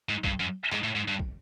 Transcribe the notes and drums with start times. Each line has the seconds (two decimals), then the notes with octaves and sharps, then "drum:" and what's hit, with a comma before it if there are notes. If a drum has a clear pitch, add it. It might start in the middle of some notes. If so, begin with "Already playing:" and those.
0.09 G#2
0.24 G2, drum: kick
0.40 F#2
0.72 G#2, drum: clap
0.84 A2
0.95 G#2
1.08 G2
1.19 drum: kick